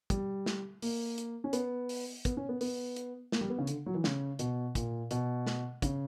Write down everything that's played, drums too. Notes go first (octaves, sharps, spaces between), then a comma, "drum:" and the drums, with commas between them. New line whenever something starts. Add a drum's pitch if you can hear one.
G3, drum: kick, hi-hat
drum: snare
A#3, drum: open hi-hat
drum: hi-hat
C#4
B3, drum: hi-hat
drum: open hi-hat
B3, drum: kick, hi-hat
C#4
B3
B3, drum: open hi-hat
drum: hi-hat
A#3, drum: snare
G3
B3
C#3
D3, drum: hi-hat
F#3
E3
C#3, drum: snare
B2, drum: hi-hat
A#2, drum: kick, hi-hat
B2, drum: hi-hat
drum: snare
C#3, drum: kick, hi-hat